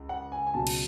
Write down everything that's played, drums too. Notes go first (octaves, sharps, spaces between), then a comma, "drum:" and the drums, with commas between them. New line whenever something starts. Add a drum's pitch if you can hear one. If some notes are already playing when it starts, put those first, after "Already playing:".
Already playing: C#2
F#5
G#5
G#5
C#2 B2 F#3 A5
drum: cymbal